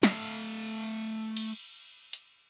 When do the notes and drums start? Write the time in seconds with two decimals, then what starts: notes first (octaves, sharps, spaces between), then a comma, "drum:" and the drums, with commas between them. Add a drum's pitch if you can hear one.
0.03 A3 F5, drum: snare
1.37 drum: cymbal
2.13 drum: hi-hat